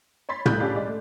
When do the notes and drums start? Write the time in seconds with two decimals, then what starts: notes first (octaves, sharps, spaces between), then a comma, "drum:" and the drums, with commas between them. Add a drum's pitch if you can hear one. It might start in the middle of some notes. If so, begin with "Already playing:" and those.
0.29 C#5 B5 C6 A6 B6
0.46 C2 A3 B5 F#6 G6, drum: tom
0.59 C#4 G4 A4 D5 F5 B5
0.75 G#3 D5
0.87 A3